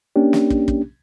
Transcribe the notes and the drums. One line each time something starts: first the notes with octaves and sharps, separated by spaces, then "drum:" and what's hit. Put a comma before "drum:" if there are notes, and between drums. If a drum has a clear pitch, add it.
A#3 C#4 D4 G4
drum: snare
drum: kick
drum: kick